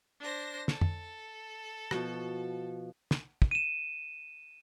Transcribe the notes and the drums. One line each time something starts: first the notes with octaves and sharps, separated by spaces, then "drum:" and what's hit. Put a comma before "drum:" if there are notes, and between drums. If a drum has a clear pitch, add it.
D4 C5 A#6
A4, drum: snare
drum: tom F2
B2 F3 F#4, drum: rim click
drum: snare
drum: kick
D#7 E7